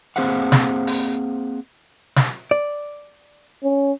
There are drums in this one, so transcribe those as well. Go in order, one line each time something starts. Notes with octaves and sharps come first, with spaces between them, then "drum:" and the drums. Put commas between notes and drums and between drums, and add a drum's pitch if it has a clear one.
A#3 C4 G#4 C5 F5 F#5
drum: snare
drum: open hi-hat
drum: snare
D5
C#4